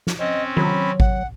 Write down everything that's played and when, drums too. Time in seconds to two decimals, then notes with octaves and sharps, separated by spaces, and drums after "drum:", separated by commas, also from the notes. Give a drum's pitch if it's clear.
0.07 drum: snare
0.19 C4 C#4 D#5
0.57 F#3 B5, drum: tom D#3
1.00 F#5, drum: kick G#1